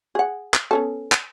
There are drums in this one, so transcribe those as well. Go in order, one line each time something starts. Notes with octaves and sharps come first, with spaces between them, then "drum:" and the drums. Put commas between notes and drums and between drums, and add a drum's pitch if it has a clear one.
G#4 F#5
drum: clap
B3 C#4 A4
drum: clap